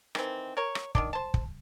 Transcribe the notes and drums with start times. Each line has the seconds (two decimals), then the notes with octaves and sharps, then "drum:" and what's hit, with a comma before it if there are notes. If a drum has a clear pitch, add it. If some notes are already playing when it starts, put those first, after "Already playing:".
0.15 D#3 E3 C4, drum: rim click
0.57 A#4 C#5
0.75 drum: rim click
0.95 D#3 F3 D4, drum: kick
1.13 C5 A5
1.34 drum: kick